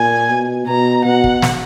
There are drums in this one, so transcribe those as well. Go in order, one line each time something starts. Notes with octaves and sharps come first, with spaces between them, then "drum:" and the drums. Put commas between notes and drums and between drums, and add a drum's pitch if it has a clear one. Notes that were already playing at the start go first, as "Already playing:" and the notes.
Already playing: A#2 G#5
B2
B2 A#5
B2 F#5
drum: kick
drum: snare